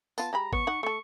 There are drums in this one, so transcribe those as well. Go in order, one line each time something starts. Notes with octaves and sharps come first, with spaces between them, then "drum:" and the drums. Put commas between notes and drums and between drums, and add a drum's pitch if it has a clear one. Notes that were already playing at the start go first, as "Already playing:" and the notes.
B3 F4 A5, drum: tambourine
G#3 G4 A#5 B5
B3 C#6, drum: kick G#1
D#4 F#5
A3 A4 C#6